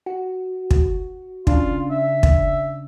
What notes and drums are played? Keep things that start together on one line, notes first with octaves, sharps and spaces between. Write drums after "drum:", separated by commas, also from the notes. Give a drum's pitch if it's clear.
F#4
drum: kick
C#3 D4 F4, drum: kick
E5
drum: kick